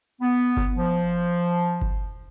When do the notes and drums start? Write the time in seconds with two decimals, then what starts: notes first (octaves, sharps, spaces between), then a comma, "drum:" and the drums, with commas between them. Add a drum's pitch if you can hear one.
0.21 B3
0.57 drum: kick G1
0.76 F3
1.82 drum: kick G1